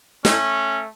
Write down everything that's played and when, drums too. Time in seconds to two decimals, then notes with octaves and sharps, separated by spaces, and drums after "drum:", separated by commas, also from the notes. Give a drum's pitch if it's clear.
0.25 A2 A3 C#4, drum: snare